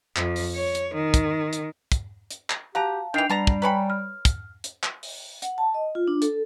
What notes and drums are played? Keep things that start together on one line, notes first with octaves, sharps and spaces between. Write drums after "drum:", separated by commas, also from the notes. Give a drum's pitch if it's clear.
F2, drum: clap
drum: open hi-hat
C#5
drum: hi-hat
D#3
drum: kick, hi-hat
drum: hi-hat
drum: kick, hi-hat
drum: hi-hat
drum: clap
F#4 G4 F5 A5 A#5
D#3 E3 D4 G5 C7 F7
G3 B3 A5 A#5
drum: kick
B4 C#5 G5 G#5 A#5 B5
F6
drum: kick, hi-hat
drum: hi-hat
drum: clap
drum: open hi-hat
F#5, drum: hi-hat
A5
D#5
F4
D4
A4, drum: hi-hat